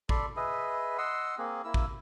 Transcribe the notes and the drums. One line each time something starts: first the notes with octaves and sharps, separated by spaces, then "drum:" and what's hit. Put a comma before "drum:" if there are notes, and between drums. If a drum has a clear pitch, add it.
A4 D5 B5 C6, drum: kick
G#4 B4 D#5 E5
D#5 F#5 C6 E6
A#3 C4 G#4
A#3 E4 E6
drum: kick